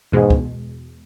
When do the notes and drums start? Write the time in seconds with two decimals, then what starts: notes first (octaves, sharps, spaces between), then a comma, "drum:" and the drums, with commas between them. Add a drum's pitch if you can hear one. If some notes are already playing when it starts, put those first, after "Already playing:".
0.12 E2 G#2 B2 G#3
0.30 drum: kick